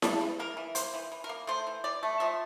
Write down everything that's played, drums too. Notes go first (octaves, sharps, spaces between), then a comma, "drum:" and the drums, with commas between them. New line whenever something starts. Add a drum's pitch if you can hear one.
G3 A4, drum: snare E4
E3
A#3 A#4
E3
A#3 C5, drum: hi-hat
E3
E3
A#4
A#3
A3 C5
E3
E3 D5
A3
F3 E5